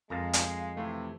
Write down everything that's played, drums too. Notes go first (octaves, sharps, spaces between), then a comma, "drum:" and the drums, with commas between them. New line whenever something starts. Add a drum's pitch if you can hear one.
F2 G#3 A#4 F5 A5 A#5
drum: hi-hat
C3 E3 A3 E4